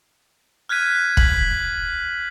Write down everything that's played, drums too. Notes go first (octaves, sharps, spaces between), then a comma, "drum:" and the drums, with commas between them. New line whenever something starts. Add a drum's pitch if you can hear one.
F6 F#6 G#6 B6 D#7
B6 F#7, drum: kick